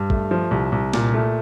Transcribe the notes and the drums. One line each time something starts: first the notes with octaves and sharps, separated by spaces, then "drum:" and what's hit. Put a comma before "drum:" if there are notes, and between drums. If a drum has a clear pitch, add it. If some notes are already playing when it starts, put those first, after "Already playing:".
Already playing: G2
A3, drum: kick
F3
C2
C2
A#2, drum: snare
A3